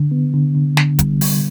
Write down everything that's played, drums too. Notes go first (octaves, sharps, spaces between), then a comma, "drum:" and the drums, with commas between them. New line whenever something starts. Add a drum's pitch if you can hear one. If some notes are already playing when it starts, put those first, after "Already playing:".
Already playing: D3
B3
D3
D3
D3, drum: snare
G3, drum: kick, hi-hat
G3, drum: open hi-hat